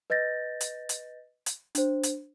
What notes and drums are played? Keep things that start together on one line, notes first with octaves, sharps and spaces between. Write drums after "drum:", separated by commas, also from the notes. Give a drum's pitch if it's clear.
B4 D#5 G6 A6 A#6
drum: hi-hat
drum: hi-hat
drum: hi-hat
D4 C5, drum: hi-hat
drum: hi-hat